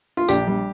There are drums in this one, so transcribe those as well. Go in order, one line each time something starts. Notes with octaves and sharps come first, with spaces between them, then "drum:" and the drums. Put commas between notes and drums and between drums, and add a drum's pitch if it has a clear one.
F4
A#1 D4 G4, drum: tambourine
G3